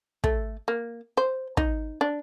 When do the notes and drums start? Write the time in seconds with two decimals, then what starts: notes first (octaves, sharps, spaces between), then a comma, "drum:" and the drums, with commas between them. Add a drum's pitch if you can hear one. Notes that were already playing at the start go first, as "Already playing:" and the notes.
0.24 A3, drum: kick
0.68 A#3
1.17 C5
1.57 D#4, drum: kick
2.01 D4